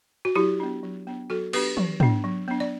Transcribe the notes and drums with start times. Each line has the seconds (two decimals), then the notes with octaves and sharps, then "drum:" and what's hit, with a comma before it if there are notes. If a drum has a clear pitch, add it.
0.25 F#4
0.36 F#3 E4 G4
0.60 B3 D4
0.83 F#3
1.07 B3 D4
1.30 F#3 F#4 A4
1.53 B3 D4 G4 B4, drum: cymbal
1.77 F#3, drum: tom
2.00 B3 D4, drum: tom
2.24 F#3
2.48 B3 D4
2.60 D5